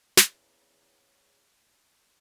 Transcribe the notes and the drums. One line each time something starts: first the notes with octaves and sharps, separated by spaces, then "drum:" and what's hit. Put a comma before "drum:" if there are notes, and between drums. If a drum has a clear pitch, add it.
E2 C#3, drum: snare